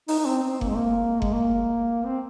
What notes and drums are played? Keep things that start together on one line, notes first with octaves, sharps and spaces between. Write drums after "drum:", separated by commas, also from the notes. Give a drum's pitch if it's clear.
D#4, drum: open hi-hat
D#4
C4
C4
A#3, drum: kick F#1
G#3
A#3
G#3, drum: kick F#1
A#3
C4